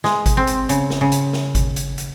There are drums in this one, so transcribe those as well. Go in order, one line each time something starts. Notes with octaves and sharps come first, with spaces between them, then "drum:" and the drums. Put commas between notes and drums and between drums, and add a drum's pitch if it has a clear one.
G#3, drum: snare
drum: kick G1, hi-hat
C4
drum: hi-hat
C#3, drum: hi-hat
drum: snare
C#3
drum: hi-hat
drum: snare
drum: kick G1, hi-hat
drum: hi-hat
drum: hi-hat